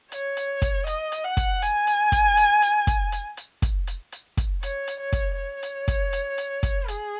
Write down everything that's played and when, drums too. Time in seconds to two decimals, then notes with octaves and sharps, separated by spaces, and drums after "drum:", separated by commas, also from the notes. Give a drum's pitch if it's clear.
0.12 C#5, drum: hi-hat
0.37 drum: hi-hat
0.62 drum: kick, hi-hat
0.87 D#5, drum: hi-hat
1.12 drum: hi-hat
1.25 F#5
1.37 drum: kick, hi-hat
1.62 G#5, drum: hi-hat
1.87 drum: hi-hat
2.12 drum: kick, hi-hat
2.37 drum: hi-hat
2.62 drum: hi-hat
2.87 drum: kick, hi-hat
3.12 drum: hi-hat
3.37 drum: hi-hat
3.62 drum: kick, hi-hat
3.87 drum: hi-hat
4.12 drum: hi-hat
4.37 drum: kick, hi-hat
4.63 C#5, drum: hi-hat
4.87 drum: hi-hat
5.01 C#5
5.13 drum: kick, hi-hat
5.38 C#5
5.63 drum: hi-hat
5.88 drum: kick, hi-hat
6.13 drum: hi-hat
6.38 drum: hi-hat
6.63 drum: kick, hi-hat
6.88 G#4, drum: hi-hat